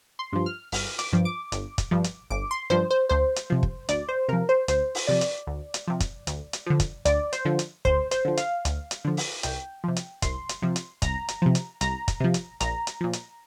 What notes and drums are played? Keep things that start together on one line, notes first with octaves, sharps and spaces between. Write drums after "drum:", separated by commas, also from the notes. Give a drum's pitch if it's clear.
C6
G2 F3
F6
G1 F6, drum: open hi-hat
D6, drum: hi-hat
G2 F3
D6
G1, drum: hi-hat
drum: kick, hi-hat
G2 F3
drum: hi-hat
G1 D6
C6
G2 F3 C5
C5
D2 C5
drum: hi-hat
C3 F3
drum: kick
D2 D5, drum: hi-hat
C5
C3 F3 A#4
C5
D2 C5, drum: hi-hat
drum: open hi-hat
C3 F3 D5
drum: hi-hat
D2
drum: hi-hat
C3 F3
drum: kick, hi-hat
D2, drum: hi-hat
drum: hi-hat
D3 F3
drum: kick, hi-hat
D2 D5, drum: hi-hat
C5, drum: hi-hat
D3 F3
drum: hi-hat
D2 C5, drum: kick
C5, drum: hi-hat
D3 F3
F5, drum: hi-hat
D2, drum: hi-hat
drum: hi-hat
D3 F3
drum: open hi-hat
C2 G5, drum: hi-hat
C3 F3
drum: hi-hat
C2 C6, drum: kick, hi-hat
drum: hi-hat
C3 F3
drum: hi-hat
C2 A#5, drum: kick, hi-hat
drum: hi-hat
C3 F3
drum: hi-hat
C2 A#5, drum: hi-hat
drum: kick, hi-hat
C3 F3
drum: hi-hat
A#1 A#5, drum: hi-hat
drum: hi-hat
A#2 F3
drum: hi-hat